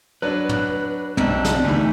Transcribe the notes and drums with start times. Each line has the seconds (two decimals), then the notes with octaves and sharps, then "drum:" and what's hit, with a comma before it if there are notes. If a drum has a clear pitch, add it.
0.22 F#3 D4 B4
0.49 drum: tom
1.17 B1 C3 C4 D4 D#4, drum: tom
1.45 drum: snare
1.64 D2 B2 E3 A3 D#4 G4
1.76 E2